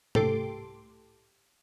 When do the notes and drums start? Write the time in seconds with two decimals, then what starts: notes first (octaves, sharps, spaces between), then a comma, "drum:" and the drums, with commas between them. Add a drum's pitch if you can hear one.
0.15 C2 A2 G4 A4 C6 D6, drum: tom G#2